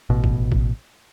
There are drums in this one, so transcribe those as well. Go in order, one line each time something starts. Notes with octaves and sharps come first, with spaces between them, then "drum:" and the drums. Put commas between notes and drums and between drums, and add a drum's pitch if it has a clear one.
A1 B2
drum: kick
drum: kick